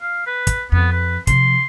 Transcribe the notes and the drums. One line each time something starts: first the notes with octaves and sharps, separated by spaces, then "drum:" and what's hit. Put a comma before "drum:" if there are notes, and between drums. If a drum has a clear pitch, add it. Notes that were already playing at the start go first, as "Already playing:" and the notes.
F5
B4
drum: kick, hi-hat
F2 B3
B4
C3 F3 C6, drum: kick, hi-hat